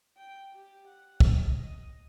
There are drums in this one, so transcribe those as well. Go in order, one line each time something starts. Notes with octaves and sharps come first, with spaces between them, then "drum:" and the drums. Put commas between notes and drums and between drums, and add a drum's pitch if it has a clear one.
G5
G4
F#5
drum: kick
D#5